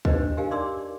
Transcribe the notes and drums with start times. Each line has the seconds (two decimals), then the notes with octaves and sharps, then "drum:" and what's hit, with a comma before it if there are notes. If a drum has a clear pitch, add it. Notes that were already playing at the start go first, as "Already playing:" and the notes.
0.05 D4 D#4 G4 B4 C5 D#5, drum: kick
0.37 G4 A#4 F5 G#5
0.51 D#4 D5 C6 D6 E6